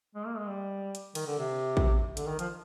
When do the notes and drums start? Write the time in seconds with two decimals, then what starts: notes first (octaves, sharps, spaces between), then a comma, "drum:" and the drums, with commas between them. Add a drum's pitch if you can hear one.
0.15 G#3
0.26 A#3
0.37 G#3
0.48 G3
0.95 drum: hi-hat
1.15 D#3, drum: cymbal
1.27 D3
1.39 C3
1.77 drum: kick
2.17 D3, drum: hi-hat
2.28 D#3
2.39 F3, drum: hi-hat